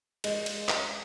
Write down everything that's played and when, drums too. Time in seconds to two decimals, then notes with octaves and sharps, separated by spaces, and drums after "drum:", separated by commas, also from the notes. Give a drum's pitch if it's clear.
0.24 G#3, drum: cymbal
0.46 drum: cymbal
0.69 drum: clap